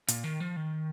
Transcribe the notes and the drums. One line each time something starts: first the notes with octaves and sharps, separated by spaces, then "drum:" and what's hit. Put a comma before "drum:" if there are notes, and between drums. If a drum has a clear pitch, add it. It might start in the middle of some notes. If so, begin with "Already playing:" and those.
A#2, drum: hi-hat
D#3
F3
D#3